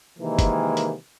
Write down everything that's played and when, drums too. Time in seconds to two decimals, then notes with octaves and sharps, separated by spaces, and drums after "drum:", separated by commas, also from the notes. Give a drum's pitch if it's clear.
0.19 C3 D#3 E3 G#3 A#3
0.39 drum: kick, hi-hat
0.77 drum: hi-hat